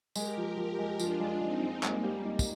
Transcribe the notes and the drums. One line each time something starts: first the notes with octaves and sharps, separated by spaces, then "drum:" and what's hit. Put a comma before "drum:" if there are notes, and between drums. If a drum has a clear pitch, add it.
G#3 G4 A#4, drum: tambourine
F3
F3 G4 A#4
G#3
F3 D4 F4, drum: tambourine
G#3
G#3 C4 D#4
G#3
G3 G#3 A#3, drum: clap
G4
D#4
drum: kick, tambourine